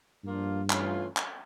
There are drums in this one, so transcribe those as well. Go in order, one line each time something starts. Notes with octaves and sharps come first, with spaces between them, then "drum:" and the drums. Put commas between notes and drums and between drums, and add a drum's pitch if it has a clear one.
G2 F3 A#3 D4 F4
E3 A3 C#4 F4, drum: clap
drum: clap